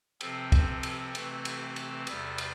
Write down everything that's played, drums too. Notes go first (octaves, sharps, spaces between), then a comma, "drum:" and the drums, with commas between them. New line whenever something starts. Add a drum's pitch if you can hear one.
C3 F3 C4 A4, drum: cymbal
drum: kick, cymbal
drum: cymbal
C3 E3 A3 C4, drum: cymbal
drum: cymbal
drum: cymbal
E2 C3 G3 A4, drum: cymbal
drum: cymbal